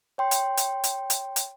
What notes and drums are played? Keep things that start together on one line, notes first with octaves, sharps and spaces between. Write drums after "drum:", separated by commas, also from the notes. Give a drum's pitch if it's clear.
C#5 G5 C6
drum: hi-hat
drum: hi-hat
drum: hi-hat
drum: hi-hat
drum: hi-hat